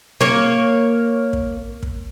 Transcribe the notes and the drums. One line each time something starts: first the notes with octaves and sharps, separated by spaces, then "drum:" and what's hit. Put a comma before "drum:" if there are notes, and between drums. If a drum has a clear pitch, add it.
A#3 C#5, drum: snare
drum: kick
drum: kick